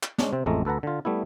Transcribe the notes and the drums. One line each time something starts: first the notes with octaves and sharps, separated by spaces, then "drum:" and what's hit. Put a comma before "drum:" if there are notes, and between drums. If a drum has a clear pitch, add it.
drum: clap
G#3 C#4 D4, drum: snare
C3 C4
A1 F2 G#3 A3 A#5
D2 A4 B4 F#5 A#5
D3 F4
G3 A3 B3 E4